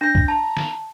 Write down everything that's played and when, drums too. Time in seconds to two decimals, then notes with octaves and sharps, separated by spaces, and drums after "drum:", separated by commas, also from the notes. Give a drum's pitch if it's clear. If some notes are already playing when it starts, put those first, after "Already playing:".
0.01 D4 G6 A#6
0.15 drum: kick
0.28 A5 A#5
0.57 drum: snare